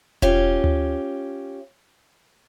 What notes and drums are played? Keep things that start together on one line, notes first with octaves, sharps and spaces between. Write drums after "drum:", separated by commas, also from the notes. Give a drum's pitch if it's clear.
C#4 F4 G4, drum: kick E1
drum: tom D2